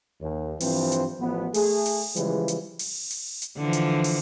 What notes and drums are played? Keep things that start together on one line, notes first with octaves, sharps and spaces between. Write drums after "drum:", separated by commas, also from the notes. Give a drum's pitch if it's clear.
D#2
G2 E3 F3 C4 C5, drum: open hi-hat
drum: hi-hat
A1 F3 B3
A3 G#4, drum: open hi-hat
drum: open hi-hat
C#3 E3 F3 G3 G#3, drum: hi-hat
drum: hi-hat
drum: open hi-hat
drum: open hi-hat
drum: hi-hat
D3 E3 F3
drum: hi-hat
drum: open hi-hat